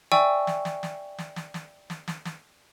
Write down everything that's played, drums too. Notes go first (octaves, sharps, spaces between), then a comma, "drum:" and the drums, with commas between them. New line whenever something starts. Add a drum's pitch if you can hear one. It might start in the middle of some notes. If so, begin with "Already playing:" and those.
D5 E5 G5 G#5 C#6 E6, drum: snare
drum: snare
drum: snare
drum: snare
drum: snare
drum: snare
drum: snare
drum: snare
drum: snare
drum: snare